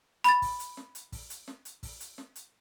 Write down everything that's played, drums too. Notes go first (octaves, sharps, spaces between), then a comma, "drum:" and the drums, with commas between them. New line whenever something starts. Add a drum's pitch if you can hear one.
B5 A6, drum: hi-hat
drum: kick, open hi-hat
drum: hi-hat
drum: snare
drum: hi-hat
drum: kick, open hi-hat
drum: hi-hat
drum: snare
drum: hi-hat
drum: kick, open hi-hat
drum: hi-hat
drum: snare
drum: hi-hat